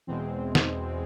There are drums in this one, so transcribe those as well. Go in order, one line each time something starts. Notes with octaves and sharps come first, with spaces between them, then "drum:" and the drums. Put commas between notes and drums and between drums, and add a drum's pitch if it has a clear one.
E2 B2 G#3 C4
drum: snare